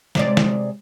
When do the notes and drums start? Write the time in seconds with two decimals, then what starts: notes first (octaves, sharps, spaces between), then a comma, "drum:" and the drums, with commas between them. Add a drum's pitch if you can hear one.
0.15 C3 G#3 D5, drum: snare
0.37 drum: snare